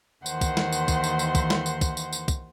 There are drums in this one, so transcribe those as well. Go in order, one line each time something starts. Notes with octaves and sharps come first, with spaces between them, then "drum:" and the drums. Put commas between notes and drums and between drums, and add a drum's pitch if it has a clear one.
D#2 D#3 E3 C5 F#5 C6, drum: tambourine
drum: kick, tambourine
drum: snare
drum: tambourine
drum: kick, tambourine
drum: tambourine
drum: tambourine
drum: kick, tambourine
drum: snare
drum: tambourine
drum: kick, tambourine
drum: tambourine
drum: tambourine
drum: kick, tambourine